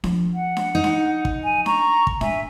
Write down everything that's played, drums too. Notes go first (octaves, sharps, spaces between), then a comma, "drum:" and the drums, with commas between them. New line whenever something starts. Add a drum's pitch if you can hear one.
F3, drum: snare D4
F#5
drum: snare D4
D#4
drum: snare D4
drum: kick
G#5
A#5 C#6, drum: snare D4
drum: kick
G#2 E5 G#5, drum: snare D4